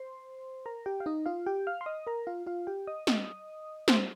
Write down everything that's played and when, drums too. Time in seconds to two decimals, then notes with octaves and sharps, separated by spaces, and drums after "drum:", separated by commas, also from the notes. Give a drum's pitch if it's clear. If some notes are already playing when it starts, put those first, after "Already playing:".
Already playing: C5 C6
0.66 A#4 A#5
0.86 G4 G5
1.00 F5
1.06 D#4 D#5
1.26 F4 F5
1.46 G4 G5
1.67 F5 F6
1.81 C6
1.86 D#5 D#6
2.07 A#4 A#5
2.27 F4 F5
2.47 F4 F5
2.67 G4 G5
2.87 D#5 D#6
3.07 D#5 D#6, drum: snare
3.88 C5 C6, drum: snare